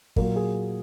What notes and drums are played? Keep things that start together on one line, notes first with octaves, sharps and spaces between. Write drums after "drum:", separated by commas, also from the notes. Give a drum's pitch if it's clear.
A#2 F#3 A#4, drum: kick
G#4